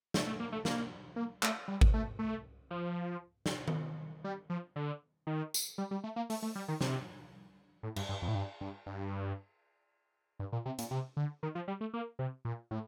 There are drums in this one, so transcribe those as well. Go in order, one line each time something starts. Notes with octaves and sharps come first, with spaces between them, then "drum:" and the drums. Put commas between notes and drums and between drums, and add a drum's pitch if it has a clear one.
A3, drum: snare
A3
A#3
A3
A#3, drum: snare
A#3
A3, drum: clap
G3
drum: kick G#1
A3
A3
F3
drum: snare
drum: tom D#3
G3
F3
D3
D#3
drum: tambourine
G3
G3
A3
A#3
A3, drum: open hi-hat
A3
G3
D#3
C3, drum: snare
A2
G2, drum: cymbal
G2
F2
A2
G2
G2
G2
G2
A#2
C3
A#2, drum: hi-hat
C3
D3
D#3
F3
G3
A3
A#3
C3
A#2
A2